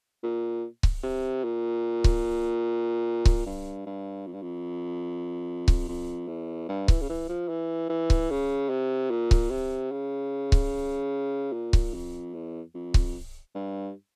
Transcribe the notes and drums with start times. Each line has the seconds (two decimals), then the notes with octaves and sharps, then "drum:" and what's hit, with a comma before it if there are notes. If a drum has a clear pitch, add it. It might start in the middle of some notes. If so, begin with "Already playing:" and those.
0.23 A#2
0.83 drum: kick C#1
1.03 C3
1.44 A#2
2.04 drum: kick C#1
3.25 drum: kick C#1
3.46 G2
3.86 G2
4.27 F2
4.34 G2
4.42 F2
5.68 drum: kick C#1
5.88 F2
6.28 E2
6.69 G2
6.88 E3, drum: kick C#1
7.01 C#3
7.10 E3
7.29 F3
7.49 E3
7.90 E3
8.10 drum: kick C#1
8.31 C#3
8.70 C3
9.11 A#2
9.31 drum: kick C#1
9.51 C3
9.92 C#3
10.52 drum: kick C#1
11.53 A#2
11.73 drum: kick C#1
11.94 F2
12.34 E2
12.74 F2
12.94 drum: kick C#1
13.55 G2